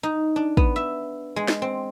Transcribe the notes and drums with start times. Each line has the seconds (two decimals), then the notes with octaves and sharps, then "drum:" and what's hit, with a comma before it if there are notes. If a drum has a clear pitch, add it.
0.03 D#4
0.36 D4
0.57 B3, drum: kick
0.76 E5
1.36 G#3
1.48 drum: snare
1.62 C4